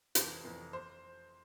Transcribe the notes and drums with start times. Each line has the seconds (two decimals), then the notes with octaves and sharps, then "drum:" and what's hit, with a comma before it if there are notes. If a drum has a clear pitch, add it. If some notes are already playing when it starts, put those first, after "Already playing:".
0.15 F1 F2 E3 C5, drum: hi-hat
0.45 F1 F2 E3
0.73 C5